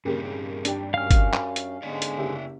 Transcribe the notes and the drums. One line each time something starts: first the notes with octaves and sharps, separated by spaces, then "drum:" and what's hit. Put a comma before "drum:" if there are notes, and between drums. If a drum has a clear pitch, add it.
G2 C#3 A#3 C4 D#4 G4
D4 G4 G5, drum: hi-hat
F#2 C#4 F5 F6
drum: kick, hi-hat
drum: clap
drum: hi-hat
G#2 D3 G#3 C#4 C#5 D5
drum: hi-hat
F#1 G4 E5